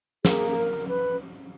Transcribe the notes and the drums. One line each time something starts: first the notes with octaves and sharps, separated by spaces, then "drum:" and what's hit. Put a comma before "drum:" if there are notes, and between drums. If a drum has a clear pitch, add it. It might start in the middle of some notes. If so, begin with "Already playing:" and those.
A#3 G#4, drum: snare
G#4
A#4
B4